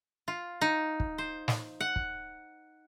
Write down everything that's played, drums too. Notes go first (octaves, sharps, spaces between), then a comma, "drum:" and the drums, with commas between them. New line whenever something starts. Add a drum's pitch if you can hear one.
F4
D#4
drum: kick
C5
drum: snare
F#5
drum: kick